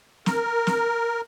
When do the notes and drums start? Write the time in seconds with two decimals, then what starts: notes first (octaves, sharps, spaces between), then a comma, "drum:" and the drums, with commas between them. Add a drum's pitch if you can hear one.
0.26 A#4, drum: snare
0.67 drum: snare